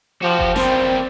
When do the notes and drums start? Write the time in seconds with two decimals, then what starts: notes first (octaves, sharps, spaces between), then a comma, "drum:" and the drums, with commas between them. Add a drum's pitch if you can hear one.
0.22 F3 F#4 G4
0.39 drum: kick F#1
0.56 G3 A#3 C4, drum: snare